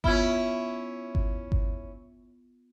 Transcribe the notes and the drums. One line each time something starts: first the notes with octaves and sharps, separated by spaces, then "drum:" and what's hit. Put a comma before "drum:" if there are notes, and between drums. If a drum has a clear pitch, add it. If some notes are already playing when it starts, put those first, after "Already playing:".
B3 C#4 E4 F4 G#6, drum: kick G1
drum: kick G1
drum: kick G1